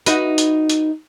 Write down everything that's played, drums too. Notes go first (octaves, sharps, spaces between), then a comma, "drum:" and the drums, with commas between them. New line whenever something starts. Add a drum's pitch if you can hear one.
D#4 F#4 B4, drum: hi-hat
drum: hi-hat
drum: hi-hat